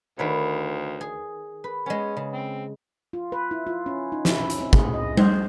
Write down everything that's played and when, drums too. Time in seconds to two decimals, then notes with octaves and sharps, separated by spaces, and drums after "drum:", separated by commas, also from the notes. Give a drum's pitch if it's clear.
0.19 D2 D#3 B4 C#5
1.01 G#4
1.64 B4
1.86 G#3 B3 C#4
2.17 C#3
2.32 C4
3.13 F4
3.32 B4
3.51 E4
3.67 F4
3.86 C#4
4.12 D#4
4.25 E4, drum: snare
4.40 C#4
4.50 drum: hi-hat
4.61 C4
4.73 G#4, drum: kick
4.94 D#5
5.17 C5, drum: tom G3